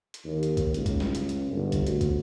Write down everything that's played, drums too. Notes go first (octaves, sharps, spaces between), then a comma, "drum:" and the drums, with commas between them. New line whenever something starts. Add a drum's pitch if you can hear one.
drum: hi-hat
D#2
drum: hi-hat
drum: kick, hi-hat
C#2, drum: hi-hat
drum: kick, hi-hat
drum: snare
drum: hi-hat
drum: hi-hat
G1
drum: kick, hi-hat
D2, drum: hi-hat
drum: kick, hi-hat